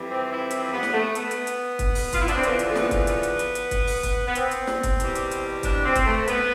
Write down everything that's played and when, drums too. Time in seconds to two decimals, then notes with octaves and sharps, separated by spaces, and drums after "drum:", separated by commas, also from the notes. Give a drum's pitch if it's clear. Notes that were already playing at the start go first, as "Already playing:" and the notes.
Already playing: F2 E3 G3
0.08 C4
0.30 E4
0.51 C4, drum: hi-hat
0.72 B3
0.83 drum: snare
0.93 A3
1.15 B3, drum: hi-hat
1.31 drum: hi-hat
1.47 drum: hi-hat
1.79 drum: kick, hi-hat
1.95 drum: open hi-hat
2.13 F4, drum: kick, hi-hat
2.20 E4
2.28 D4, drum: hi-hat
2.36 C4
2.43 E2 D3 F3 B3, drum: hi-hat
2.59 drum: hi-hat
2.68 A3
2.75 B3, drum: snare
2.91 drum: kick, hi-hat
3.07 B3, drum: hi-hat
3.23 drum: hi-hat
3.39 drum: hi-hat
3.55 drum: hi-hat
3.71 drum: kick, hi-hat
3.87 drum: open hi-hat
4.03 drum: kick, hi-hat
4.27 B3
4.35 C4, drum: hi-hat
4.51 drum: hi-hat
4.67 drum: snare
4.83 drum: kick, hi-hat
5.00 E2 B2 G3, drum: hi-hat
5.15 drum: hi-hat
5.31 drum: hi-hat
5.63 D4, drum: kick, hi-hat
5.85 C4
5.95 drum: kick, hi-hat
6.06 A3
6.28 B3, drum: hi-hat